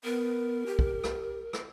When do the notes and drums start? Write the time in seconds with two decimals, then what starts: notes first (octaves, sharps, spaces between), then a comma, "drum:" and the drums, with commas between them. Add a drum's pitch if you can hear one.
0.04 B3 A#4
0.66 G4
0.79 drum: kick
1.04 drum: rim click
1.53 drum: rim click